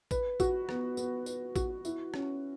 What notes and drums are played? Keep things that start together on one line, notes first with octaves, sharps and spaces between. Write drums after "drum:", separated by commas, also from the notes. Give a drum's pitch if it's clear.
B4, drum: kick, tambourine
F#4, drum: kick, tambourine
B3, drum: rim click
B3, drum: tambourine
B4, drum: tambourine
F#4, drum: kick, tambourine
E4, drum: tambourine
C#4, drum: rim click